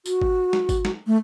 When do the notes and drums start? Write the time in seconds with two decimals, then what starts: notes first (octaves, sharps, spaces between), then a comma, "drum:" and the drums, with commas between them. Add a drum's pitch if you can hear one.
0.06 F#4, drum: tambourine
0.21 drum: kick G#1
0.53 drum: snare
0.69 drum: kick G#1, tambourine
0.85 drum: snare
1.07 A3